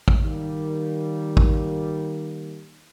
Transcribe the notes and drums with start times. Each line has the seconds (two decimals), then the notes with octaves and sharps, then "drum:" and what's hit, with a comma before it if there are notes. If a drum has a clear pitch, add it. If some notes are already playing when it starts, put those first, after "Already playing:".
0.08 drum: kick
0.23 D#3 G3 A#3
1.37 drum: kick